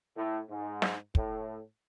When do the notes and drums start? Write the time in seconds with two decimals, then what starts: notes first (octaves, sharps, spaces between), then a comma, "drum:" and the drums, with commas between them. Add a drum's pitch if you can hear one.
0.17 A2
0.50 G#2
0.82 drum: snare
1.15 A2, drum: kick